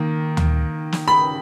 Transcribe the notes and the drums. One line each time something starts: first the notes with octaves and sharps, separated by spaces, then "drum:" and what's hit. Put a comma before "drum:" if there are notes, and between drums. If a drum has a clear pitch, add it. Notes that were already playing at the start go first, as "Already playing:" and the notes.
Already playing: D#3 A#3
drum: tom D2
drum: snare
B5